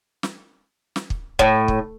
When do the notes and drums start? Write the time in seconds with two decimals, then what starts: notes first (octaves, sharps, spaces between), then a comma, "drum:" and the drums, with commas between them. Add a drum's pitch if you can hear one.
0.23 drum: snare
0.96 drum: snare
1.10 drum: kick
1.39 A2, drum: kick
1.68 drum: kick